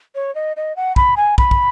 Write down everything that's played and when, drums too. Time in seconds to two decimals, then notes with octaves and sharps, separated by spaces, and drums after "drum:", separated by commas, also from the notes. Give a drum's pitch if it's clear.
0.15 C#5
0.35 D#5
0.57 D#5
0.76 F#5
0.96 B5, drum: kick
1.17 G#5
1.38 B5, drum: kick
1.51 drum: kick